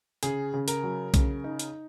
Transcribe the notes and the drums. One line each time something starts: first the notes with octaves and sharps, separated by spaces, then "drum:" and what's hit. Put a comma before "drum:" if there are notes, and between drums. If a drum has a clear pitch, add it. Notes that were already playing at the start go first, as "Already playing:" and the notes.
C#3 G#4, drum: hi-hat
C#3
A#4, drum: hi-hat
F#3
C#3, drum: kick B1, hi-hat
D#4
drum: hi-hat